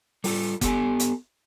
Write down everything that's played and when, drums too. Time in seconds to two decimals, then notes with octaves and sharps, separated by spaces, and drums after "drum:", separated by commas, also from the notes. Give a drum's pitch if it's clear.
0.24 G3 F4 G4 A4, drum: open hi-hat
0.61 B3 G4 A4 G#5, drum: kick F1, hi-hat
1.00 drum: hi-hat